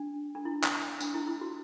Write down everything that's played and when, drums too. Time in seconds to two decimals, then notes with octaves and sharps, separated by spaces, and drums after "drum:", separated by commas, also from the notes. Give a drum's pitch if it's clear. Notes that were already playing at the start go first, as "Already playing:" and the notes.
Already playing: D4
0.35 D4
0.45 E4
0.64 drum: clap
1.01 D4, drum: tambourine
1.14 E4
1.27 E4
1.41 F#4